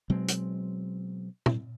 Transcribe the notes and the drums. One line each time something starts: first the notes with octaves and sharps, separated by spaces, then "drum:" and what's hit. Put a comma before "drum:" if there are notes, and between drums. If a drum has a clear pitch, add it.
B2 F#3 G#3 C4
drum: hi-hat
drum: tom A#2